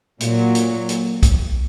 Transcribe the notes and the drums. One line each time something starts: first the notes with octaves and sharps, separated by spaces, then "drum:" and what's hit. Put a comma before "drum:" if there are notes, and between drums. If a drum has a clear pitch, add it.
A#2 F#3, drum: hi-hat
drum: hi-hat
drum: hi-hat
drum: kick B1, hi-hat